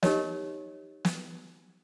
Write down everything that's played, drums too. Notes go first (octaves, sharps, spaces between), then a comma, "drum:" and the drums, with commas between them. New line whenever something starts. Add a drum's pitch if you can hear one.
D#4 G4 A#4 C#5 D#5, drum: snare
drum: snare